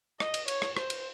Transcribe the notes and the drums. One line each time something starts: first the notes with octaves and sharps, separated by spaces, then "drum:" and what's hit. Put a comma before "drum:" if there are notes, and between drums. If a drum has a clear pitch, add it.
D#5, drum: rim click
drum: cymbal
C#5, drum: cymbal
drum: rim click
C5, drum: rim click
drum: cymbal